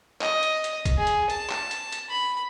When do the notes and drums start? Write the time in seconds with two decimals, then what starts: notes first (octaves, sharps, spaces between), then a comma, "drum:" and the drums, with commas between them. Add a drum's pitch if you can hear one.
0.21 D#5, drum: clap
0.43 drum: hi-hat
0.64 drum: hi-hat
0.85 drum: kick, hi-hat
0.98 G#4
1.07 drum: hi-hat
1.30 A5, drum: hi-hat
1.50 drum: clap
1.71 drum: hi-hat
1.92 drum: hi-hat
2.10 B5